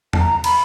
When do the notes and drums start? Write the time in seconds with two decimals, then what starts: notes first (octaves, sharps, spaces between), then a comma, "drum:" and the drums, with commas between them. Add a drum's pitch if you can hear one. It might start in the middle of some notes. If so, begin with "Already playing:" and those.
0.13 A5, drum: tom E2
0.19 A#5
0.44 B5, drum: cymbal